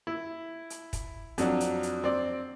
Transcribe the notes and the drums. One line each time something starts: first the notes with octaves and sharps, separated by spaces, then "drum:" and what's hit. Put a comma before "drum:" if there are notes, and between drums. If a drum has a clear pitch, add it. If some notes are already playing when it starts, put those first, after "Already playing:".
E4
drum: hi-hat
drum: kick, hi-hat
F2 F#3 D4, drum: hi-hat
drum: hi-hat
drum: hi-hat
C4 D5